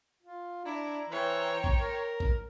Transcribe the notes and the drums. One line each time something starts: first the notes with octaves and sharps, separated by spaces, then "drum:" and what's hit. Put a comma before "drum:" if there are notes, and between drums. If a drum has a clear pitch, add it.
F4
D4 E4 A#5
E3 C5 C#5 G5
drum: kick A#1
A#4
drum: kick A#1